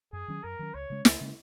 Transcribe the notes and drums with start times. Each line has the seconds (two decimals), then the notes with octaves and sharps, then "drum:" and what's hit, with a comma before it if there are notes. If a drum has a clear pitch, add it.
0.13 F#2 G#4
0.28 D#3 F#3 C#4
0.43 F#2 A#4
0.59 D#3 F#3 C#4
0.74 C#2 C#5
0.90 C#3 G#3 C#4
1.05 C#2, drum: snare
1.21 C#3 G#3 C#4